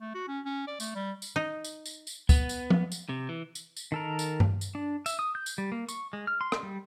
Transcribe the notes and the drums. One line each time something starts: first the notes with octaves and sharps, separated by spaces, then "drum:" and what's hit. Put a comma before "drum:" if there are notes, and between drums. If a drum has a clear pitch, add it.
A3
F#4
C#4
C#4
D5
A3, drum: tambourine
G3
drum: tambourine
D#4
drum: tambourine
drum: tambourine
drum: tambourine
B3, drum: kick C#2, tambourine
drum: tambourine
drum: tom F3
drum: tambourine
C3
E3
drum: tambourine
drum: tambourine
D#3 A4 A#4
drum: tambourine
drum: tom G2
drum: tambourine
D4
E5, drum: tambourine
D#6
G6
drum: tambourine
G3
A#3
C#6, drum: tambourine
G#3
F6
C6
drum: rim click
G3